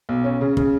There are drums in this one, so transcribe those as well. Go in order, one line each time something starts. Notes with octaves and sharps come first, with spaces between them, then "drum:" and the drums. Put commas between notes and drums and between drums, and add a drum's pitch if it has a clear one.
B1
C#4
C#3
C#3, drum: kick